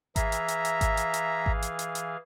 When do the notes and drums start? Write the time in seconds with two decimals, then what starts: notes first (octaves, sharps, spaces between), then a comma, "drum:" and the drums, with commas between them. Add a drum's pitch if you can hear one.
0.16 E3 G#4 E5 F5 A#5, drum: kick G#1, hi-hat
0.32 drum: hi-hat
0.48 drum: hi-hat
0.65 drum: hi-hat
0.81 drum: kick G#1, hi-hat
0.97 drum: hi-hat
1.14 drum: hi-hat
1.46 drum: kick G#1
1.62 drum: hi-hat
1.79 drum: hi-hat
1.95 drum: hi-hat